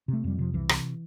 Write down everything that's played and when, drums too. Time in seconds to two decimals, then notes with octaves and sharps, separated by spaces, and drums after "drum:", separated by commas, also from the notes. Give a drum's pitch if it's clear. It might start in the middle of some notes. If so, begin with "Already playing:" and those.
0.08 C3 A3
0.24 F2 G3
0.39 C3 F3
0.54 C2 E3
0.69 C3, drum: rim click